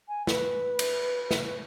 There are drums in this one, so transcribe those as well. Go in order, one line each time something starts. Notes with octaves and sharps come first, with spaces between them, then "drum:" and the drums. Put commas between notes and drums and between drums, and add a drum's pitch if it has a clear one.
G#5
B4, drum: snare
drum: cymbal
drum: snare